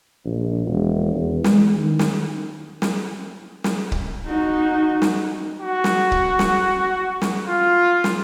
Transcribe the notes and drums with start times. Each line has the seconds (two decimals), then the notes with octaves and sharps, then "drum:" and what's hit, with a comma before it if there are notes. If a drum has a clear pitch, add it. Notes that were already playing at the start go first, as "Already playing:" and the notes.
0.24 A#1
0.67 E1
1.14 E2
1.44 G#3, drum: snare
1.77 D#3
1.99 drum: snare
2.82 drum: snare
3.64 drum: snare
3.92 drum: kick C#1
4.26 D#4 F#4
5.02 drum: snare
5.60 F#4
5.84 drum: snare
6.12 drum: kick C#1
6.39 drum: snare
7.22 drum: snare
7.46 F4
8.04 drum: snare